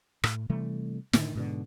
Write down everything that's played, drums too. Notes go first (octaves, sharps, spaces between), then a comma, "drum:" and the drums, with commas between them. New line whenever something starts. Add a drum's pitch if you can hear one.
A2, drum: rim click
C3 E3 G3 A3
A2 D3 D#3, drum: snare
G#2 B2 D3